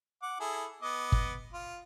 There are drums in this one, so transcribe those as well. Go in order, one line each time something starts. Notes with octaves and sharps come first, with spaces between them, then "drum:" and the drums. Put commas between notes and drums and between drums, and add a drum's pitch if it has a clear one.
F#5 D6
E4 G#4 A4
B3 D#5 D6
drum: kick
F4